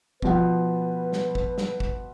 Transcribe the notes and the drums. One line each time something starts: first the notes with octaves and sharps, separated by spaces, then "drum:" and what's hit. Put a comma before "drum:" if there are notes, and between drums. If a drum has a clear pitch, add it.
B2 F3 B3 B4, drum: kick
drum: snare
drum: kick
drum: snare
drum: kick